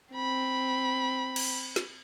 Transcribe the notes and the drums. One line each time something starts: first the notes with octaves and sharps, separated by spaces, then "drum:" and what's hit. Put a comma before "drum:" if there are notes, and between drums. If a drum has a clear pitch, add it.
C4 B5
drum: cymbal
drum: snare